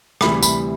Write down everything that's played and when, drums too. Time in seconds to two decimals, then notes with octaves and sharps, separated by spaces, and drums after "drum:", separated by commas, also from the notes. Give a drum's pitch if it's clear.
0.21 D2 C3 E3 G3 B5, drum: rim click
0.43 B5, drum: tambourine